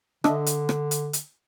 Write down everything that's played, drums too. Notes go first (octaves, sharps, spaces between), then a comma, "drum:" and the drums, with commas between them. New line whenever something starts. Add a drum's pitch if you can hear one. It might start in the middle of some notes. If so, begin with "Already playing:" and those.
D3 D4 D#5 E5, drum: rim click
drum: hi-hat
drum: rim click
drum: hi-hat
drum: hi-hat